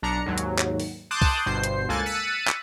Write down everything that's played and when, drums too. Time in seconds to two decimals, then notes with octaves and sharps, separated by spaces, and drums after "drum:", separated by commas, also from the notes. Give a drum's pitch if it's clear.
0.02 B1 D4 A#5 C#7
0.26 D#2 G#2 F#3
0.38 drum: hi-hat
0.59 drum: clap
0.80 drum: open hi-hat
1.11 A5 C6 D6 D#6 F#6 G6
1.22 drum: kick, open hi-hat
1.46 G1 G2 B2 C5 C7
1.64 drum: hi-hat
1.89 C#2 A#3 A4 G#5 F#6 A6
2.05 E6 F#6 A6 B6 C#7 D#7
2.47 drum: clap